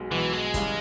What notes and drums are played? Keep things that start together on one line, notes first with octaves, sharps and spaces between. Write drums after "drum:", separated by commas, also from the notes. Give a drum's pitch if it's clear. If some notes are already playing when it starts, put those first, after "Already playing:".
Already playing: B1 B2 G#3
B1 B2 E3 G#3
G#3
E2 C#3 G3, drum: kick, hi-hat